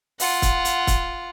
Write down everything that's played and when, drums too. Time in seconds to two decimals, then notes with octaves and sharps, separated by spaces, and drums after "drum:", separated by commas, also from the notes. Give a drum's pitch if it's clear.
0.20 F4 F#5, drum: open hi-hat
0.42 drum: kick, hi-hat
0.65 drum: hi-hat
0.87 drum: kick, hi-hat